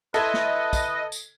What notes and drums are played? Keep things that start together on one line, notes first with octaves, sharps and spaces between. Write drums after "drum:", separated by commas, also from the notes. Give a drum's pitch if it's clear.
E4 A4 B4 D#5 E5 C6 G#6
drum: snare
drum: kick, tambourine
drum: tambourine